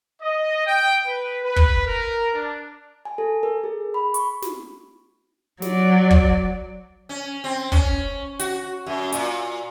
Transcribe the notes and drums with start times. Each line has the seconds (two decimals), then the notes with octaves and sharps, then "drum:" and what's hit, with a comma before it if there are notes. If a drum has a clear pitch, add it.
0.22 D#5
0.67 G5
1.07 B4
1.44 B4
1.56 drum: kick
1.86 A#4
2.34 D4
3.05 G#5
3.18 A4
3.43 A#4
3.64 G#4
3.94 B5
4.14 C#6, drum: hi-hat
4.42 drum: snare
5.62 F#3 D5, drum: snare
6.11 drum: kick
7.09 C#4
7.44 C4
7.72 C#4, drum: kick
8.39 F#4, drum: hi-hat
8.86 F#2
9.12 A#2, drum: hi-hat